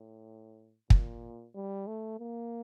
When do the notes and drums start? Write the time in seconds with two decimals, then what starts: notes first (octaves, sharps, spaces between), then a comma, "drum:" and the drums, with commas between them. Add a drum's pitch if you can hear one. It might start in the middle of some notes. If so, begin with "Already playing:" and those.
Already playing: A2
0.90 A#2, drum: kick
1.55 G3
1.87 A3
2.20 A#3